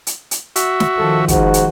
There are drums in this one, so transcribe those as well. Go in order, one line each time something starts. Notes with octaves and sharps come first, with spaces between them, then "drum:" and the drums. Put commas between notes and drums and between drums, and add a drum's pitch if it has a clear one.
drum: hi-hat
drum: hi-hat
F#4 E5, drum: hi-hat
drum: snare
D#3 F3 A4
G#2 F#4, drum: kick, hi-hat
drum: hi-hat